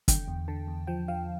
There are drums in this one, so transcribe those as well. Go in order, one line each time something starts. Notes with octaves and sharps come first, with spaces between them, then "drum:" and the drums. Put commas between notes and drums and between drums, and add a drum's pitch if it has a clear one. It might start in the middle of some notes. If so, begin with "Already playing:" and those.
D3 G5, drum: kick, hi-hat
E2
D3 A5
E2
F3 G5
F3 F5